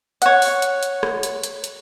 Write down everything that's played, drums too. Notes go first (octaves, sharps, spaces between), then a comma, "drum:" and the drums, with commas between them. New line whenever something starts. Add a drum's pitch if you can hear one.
C#5 F#5, drum: hi-hat
drum: open hi-hat
drum: hi-hat
drum: hi-hat
drum: rim click
drum: hi-hat
drum: hi-hat
drum: hi-hat